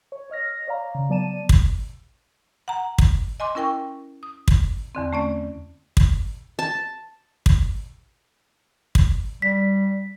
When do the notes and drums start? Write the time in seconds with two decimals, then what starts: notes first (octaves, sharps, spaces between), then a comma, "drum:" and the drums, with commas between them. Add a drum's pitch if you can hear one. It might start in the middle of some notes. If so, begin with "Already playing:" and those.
0.12 C#5
0.30 C#5 D#5 F6 A#6
0.67 C#5 D5 F5 A#5
0.95 C#3
1.09 F#3 B3 D5 A5 D#7 E7
1.49 drum: kick
2.68 F#5 A#5
2.98 drum: kick
3.40 D#5 G#5 C6 D6
3.55 C#4 E4 A#4 G5 C#6
4.23 D#6
4.48 drum: kick
4.95 E2 D3 C4
5.13 A3 C#4 D5
5.97 drum: kick
6.59 A5
7.46 drum: kick
8.95 drum: kick
9.42 G3 B6